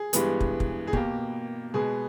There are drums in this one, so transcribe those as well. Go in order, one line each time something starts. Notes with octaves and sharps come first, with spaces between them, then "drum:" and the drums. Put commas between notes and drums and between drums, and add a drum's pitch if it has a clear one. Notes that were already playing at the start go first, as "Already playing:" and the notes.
Already playing: G#4
G2 E3 G#3 B3, drum: hi-hat
drum: kick
drum: kick
G#4
B2 A#3 G4, drum: kick
B2 G#3 B3 G#4